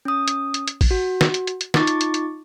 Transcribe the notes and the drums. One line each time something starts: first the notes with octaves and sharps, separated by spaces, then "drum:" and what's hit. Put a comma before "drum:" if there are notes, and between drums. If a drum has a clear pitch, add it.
C#4 D#6
drum: hi-hat
drum: hi-hat
drum: hi-hat
drum: kick, open hi-hat
F#4
drum: snare
drum: hi-hat
drum: hi-hat
drum: hi-hat
D#4 F4 C#6 D6 A6, drum: snare
drum: hi-hat
drum: hi-hat
drum: hi-hat